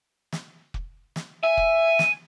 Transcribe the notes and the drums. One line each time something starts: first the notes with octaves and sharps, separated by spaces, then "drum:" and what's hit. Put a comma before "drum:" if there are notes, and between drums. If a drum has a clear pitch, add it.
drum: snare
drum: kick
drum: snare
E5 G#5
drum: kick
drum: snare